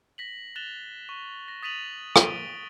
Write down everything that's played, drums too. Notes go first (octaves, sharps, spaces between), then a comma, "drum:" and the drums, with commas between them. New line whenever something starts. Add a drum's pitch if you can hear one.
A#6 B6 F#7
F#6 A6 E7 F7 G7
C#6
A#6
D#6 A6 B6 D#7 F7 F#7
D7 D#7 G7, drum: rim click